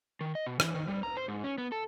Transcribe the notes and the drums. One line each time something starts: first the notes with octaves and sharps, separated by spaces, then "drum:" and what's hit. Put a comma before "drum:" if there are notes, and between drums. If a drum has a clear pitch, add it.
D#3
D#5
B2
E3, drum: rim click
D#3
G3
A#5
C5
G#2
C#4
B3
A4